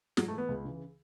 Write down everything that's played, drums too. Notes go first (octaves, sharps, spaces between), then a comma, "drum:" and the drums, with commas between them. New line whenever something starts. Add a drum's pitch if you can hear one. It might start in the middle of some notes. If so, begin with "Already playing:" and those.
G#2 F#3, drum: snare
A3
E3
B3
C#2
C#3 E3